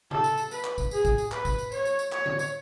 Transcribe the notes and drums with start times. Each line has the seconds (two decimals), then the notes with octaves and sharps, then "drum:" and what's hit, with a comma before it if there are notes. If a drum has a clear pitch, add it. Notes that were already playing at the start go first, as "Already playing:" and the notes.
0.11 A4, drum: tom C#3
0.24 drum: tambourine
0.37 drum: tambourine
0.51 B4, drum: tambourine
0.64 drum: clap
0.78 drum: kick, tambourine
0.91 G#4, drum: tambourine
1.05 drum: kick, tambourine
1.18 drum: tambourine
1.32 B4, drum: clap
1.45 drum: kick, tambourine
1.58 drum: tambourine
1.72 C#5, drum: tambourine
1.85 drum: tambourine
1.99 drum: tambourine
2.12 C#5, drum: clap
2.26 drum: tom D3
2.39 drum: tambourine